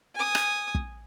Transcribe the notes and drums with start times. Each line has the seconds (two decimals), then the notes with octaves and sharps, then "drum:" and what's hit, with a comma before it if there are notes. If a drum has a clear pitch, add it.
0.15 G#5 D#6
0.35 drum: rim click
0.75 drum: kick